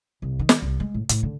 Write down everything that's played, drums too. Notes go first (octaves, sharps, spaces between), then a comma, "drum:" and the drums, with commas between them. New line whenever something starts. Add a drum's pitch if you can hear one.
C2
D#3
drum: snare
C2
G#3
A2
A2, drum: hi-hat
D3